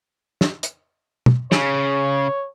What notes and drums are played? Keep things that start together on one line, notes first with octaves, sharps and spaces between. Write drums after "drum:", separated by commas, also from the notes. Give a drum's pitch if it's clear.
drum: snare
drum: hi-hat
drum: tom
C#3 C#5, drum: snare